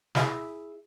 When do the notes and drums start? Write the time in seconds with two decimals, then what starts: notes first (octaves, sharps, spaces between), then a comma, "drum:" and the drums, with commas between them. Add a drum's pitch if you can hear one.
0.15 E4 G#4 E5 B5, drum: snare